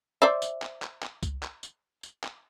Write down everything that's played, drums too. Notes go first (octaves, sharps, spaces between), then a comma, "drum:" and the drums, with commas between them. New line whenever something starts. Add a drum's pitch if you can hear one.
C5 D5 E5
drum: tambourine
drum: clap
drum: clap
drum: clap
drum: kick C#2, tambourine
drum: clap
drum: tambourine
drum: tambourine
drum: clap